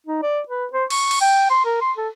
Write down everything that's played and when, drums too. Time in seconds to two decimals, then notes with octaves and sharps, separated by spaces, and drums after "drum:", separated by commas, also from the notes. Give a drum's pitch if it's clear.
0.07 D#4
0.22 D5
0.48 B4
0.73 C5
0.90 C#6, drum: cymbal
1.11 drum: cymbal
1.21 G5
1.50 C6
1.65 A#4
1.81 C6
1.97 A4